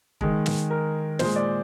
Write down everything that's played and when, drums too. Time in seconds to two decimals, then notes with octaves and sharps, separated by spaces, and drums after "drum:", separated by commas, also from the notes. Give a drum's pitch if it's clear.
0.21 D#3 G#3, drum: kick
0.46 drum: snare
0.70 A#4
1.19 A#2 G#3 C5, drum: snare
1.36 D5